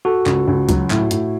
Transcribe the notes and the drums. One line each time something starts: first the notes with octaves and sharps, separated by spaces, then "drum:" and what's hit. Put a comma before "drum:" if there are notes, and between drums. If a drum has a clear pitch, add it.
F#4 A4
C#2, drum: clap
C#2
F#3, drum: kick C#2, hi-hat
A2, drum: clap
A2, drum: hi-hat